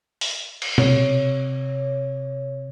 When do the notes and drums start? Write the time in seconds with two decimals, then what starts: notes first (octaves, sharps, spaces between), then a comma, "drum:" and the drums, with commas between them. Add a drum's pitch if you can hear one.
0.21 drum: open hi-hat
0.62 drum: cymbal
0.78 C3 C#5, drum: tom B2